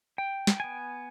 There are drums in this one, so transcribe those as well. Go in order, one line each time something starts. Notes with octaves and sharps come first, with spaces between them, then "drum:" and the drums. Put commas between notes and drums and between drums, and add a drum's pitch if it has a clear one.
G5
drum: snare
B3 G#5